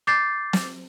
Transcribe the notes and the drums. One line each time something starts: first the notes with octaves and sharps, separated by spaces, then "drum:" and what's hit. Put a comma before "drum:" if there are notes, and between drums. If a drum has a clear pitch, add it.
D6 G6 A6 C7
drum: snare